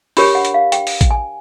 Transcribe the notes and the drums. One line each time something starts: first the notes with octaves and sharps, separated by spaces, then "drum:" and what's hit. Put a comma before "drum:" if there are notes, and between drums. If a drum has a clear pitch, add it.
D4 G4 A#4 C#5 B5, drum: open hi-hat
F#5
drum: hi-hat
F5
G5, drum: hi-hat
drum: open hi-hat
drum: kick A1, hi-hat
G#5